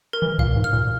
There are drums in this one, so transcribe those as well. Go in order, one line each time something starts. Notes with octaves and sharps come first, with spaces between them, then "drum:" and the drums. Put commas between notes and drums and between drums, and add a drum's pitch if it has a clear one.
A#4
E3
A#2 F5, drum: kick C2
G#2
F6
A#2